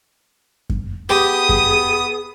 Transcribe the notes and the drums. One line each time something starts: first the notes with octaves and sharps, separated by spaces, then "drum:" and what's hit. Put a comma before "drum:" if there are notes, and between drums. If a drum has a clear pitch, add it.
drum: kick F#2
B3 G4 G#4 D#6
drum: kick F#2